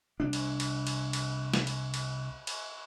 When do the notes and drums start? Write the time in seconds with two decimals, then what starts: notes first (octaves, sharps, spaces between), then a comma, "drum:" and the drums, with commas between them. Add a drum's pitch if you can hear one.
0.20 C2 D4
0.33 drum: cymbal
0.60 drum: cymbal
0.87 drum: cymbal
1.13 drum: cymbal
1.54 drum: snare
1.67 drum: cymbal
1.94 drum: cymbal
2.47 drum: cymbal